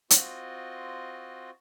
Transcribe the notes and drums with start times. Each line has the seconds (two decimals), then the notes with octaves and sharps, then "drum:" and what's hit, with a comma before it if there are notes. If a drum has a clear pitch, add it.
0.10 C4 F4 F#4 D#5, drum: hi-hat